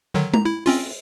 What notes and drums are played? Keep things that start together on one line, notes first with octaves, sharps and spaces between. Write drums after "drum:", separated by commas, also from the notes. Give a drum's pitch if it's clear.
D3 D#3 F#3
A#5, drum: tom G#3
E4
C4 C#4 F4, drum: open hi-hat